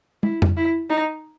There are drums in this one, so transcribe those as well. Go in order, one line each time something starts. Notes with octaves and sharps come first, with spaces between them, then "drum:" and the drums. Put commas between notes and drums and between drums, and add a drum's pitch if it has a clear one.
E4, drum: tom
drum: tom F2
E4
D#4